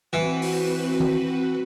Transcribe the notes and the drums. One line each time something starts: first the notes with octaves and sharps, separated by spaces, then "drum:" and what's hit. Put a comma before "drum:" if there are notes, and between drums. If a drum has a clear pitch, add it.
E3 C4 F#4 B4
drum: open hi-hat
drum: tom D#3